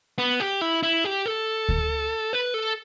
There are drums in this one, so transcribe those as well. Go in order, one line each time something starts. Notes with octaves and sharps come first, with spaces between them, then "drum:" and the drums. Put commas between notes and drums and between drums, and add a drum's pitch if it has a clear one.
B3
G4
E4
E4
G4
A4
drum: kick D2
B4
A4